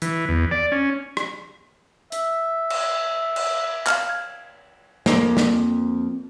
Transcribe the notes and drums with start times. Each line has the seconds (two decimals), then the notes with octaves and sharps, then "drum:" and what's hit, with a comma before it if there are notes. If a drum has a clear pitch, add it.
0.02 E3, drum: hi-hat
0.29 E2
0.51 D5
0.72 C#4
1.17 drum: rim click
2.12 E5, drum: hi-hat
2.70 drum: cymbal
3.36 drum: cymbal
3.87 F5 F6, drum: clap
4.09 G#6
5.06 F2 A#3, drum: snare
5.37 drum: snare